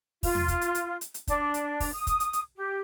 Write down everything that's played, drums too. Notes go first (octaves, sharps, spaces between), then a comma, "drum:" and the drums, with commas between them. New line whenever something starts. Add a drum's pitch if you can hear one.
F4, drum: kick, open hi-hat
drum: tom E2
drum: kick, hi-hat
drum: hi-hat
drum: hi-hat
drum: hi-hat
drum: hi-hat
D4, drum: kick, hi-hat
drum: hi-hat
drum: kick, open hi-hat
D#6
drum: kick, hi-hat
drum: hi-hat
drum: hi-hat
G4